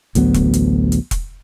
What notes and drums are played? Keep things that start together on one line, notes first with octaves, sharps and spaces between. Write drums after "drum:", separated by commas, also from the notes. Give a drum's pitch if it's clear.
A1 D2 F#3 B3, drum: hi-hat
drum: kick E1, hi-hat
drum: hi-hat
drum: hi-hat
drum: kick E1, hi-hat